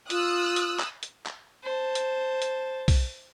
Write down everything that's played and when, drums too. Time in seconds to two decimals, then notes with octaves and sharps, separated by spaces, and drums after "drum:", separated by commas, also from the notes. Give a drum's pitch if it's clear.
0.10 F4 D#6 E6 F#6, drum: hi-hat
0.56 drum: hi-hat
0.80 drum: clap
1.03 drum: hi-hat
1.26 drum: clap
1.63 C5 A5
1.95 drum: hi-hat
2.42 drum: hi-hat
2.88 drum: kick, open hi-hat